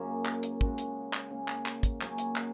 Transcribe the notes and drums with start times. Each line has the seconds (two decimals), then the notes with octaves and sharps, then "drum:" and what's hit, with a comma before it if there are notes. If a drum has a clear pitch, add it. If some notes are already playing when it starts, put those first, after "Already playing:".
Already playing: F#2 C#3 F#3 A#3 C#4 G#4
0.25 drum: clap
0.43 drum: hi-hat
0.61 C#3 G#3 C#4 F#4, drum: kick
0.78 drum: hi-hat
1.13 drum: clap
1.31 C#3 A#3 C#4 G#4
1.48 drum: clap
1.66 drum: clap
1.83 drum: kick, hi-hat
2.01 F#3 A#3 C#4 G#4, drum: clap
2.18 drum: hi-hat
2.36 drum: clap